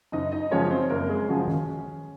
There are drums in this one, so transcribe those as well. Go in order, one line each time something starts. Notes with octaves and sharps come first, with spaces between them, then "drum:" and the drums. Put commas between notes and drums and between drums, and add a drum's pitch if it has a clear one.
F#1 D#4 D#5
D#4 D#5
F#2 C#3 F3 G#3 C#4 C#5
C4 C5
F#1 A#3 A#4
G#3 G#4
F#2 C#3 F3 F#3 G#3 F#4
C#4, drum: tom D#3